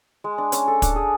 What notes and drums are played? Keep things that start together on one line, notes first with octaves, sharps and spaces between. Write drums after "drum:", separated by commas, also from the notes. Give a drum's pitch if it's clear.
G#3
D4
C#4, drum: hi-hat
A4
D4, drum: kick, hi-hat
G#4